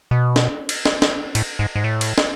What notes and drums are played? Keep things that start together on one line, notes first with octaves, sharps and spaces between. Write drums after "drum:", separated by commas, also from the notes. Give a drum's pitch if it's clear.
B2
drum: snare
drum: cymbal
drum: snare
drum: snare
A2, drum: cymbal
G#2
G#2
A2
drum: cymbal
drum: snare